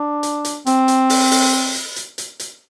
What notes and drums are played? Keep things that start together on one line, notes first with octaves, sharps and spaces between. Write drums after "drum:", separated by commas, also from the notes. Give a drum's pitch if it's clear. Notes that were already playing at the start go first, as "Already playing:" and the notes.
Already playing: D4
drum: hi-hat
drum: hi-hat
C4, drum: hi-hat
drum: hi-hat
drum: open hi-hat
drum: open hi-hat
drum: hi-hat
drum: hi-hat
drum: hi-hat
drum: hi-hat